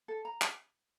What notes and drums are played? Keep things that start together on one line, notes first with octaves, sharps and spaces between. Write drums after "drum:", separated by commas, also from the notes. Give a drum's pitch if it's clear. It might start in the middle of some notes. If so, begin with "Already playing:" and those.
A4
A#5
drum: clap